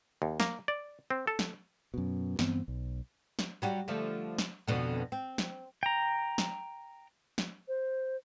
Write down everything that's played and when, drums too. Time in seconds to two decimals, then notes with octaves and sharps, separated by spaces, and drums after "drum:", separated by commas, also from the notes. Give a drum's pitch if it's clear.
0.22 D#2
0.40 A#3, drum: snare
0.68 D5
1.10 C4
1.27 A4
1.39 drum: snare
1.94 F#2 B2
2.39 G2 E3 B3 C4, drum: snare
2.68 B1
3.39 drum: snare
3.62 F#3 G3 F#4
3.88 D3 F3 A3
4.38 drum: snare
4.68 F2 B2 D3
5.12 C4
5.38 drum: snare
5.83 G5 A#5
6.38 drum: snare
7.38 drum: snare
7.68 C5